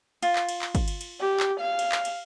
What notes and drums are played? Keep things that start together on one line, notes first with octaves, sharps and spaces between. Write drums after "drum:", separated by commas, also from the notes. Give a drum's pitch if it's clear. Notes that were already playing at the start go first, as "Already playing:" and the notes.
F4, drum: cymbal
drum: clap
drum: cymbal
drum: clap
drum: kick, cymbal
drum: cymbal
drum: cymbal
G4
drum: clap
F5
drum: cymbal
drum: clap
drum: cymbal